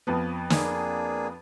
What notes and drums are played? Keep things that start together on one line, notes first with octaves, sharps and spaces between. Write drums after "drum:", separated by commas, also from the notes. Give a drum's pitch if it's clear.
F2 F3 B3
A#3 D4 G#4, drum: snare